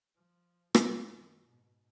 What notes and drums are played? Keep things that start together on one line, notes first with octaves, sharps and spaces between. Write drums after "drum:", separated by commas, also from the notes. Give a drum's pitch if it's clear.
F3
F#2 A2, drum: rim click
D#3
G#2 B2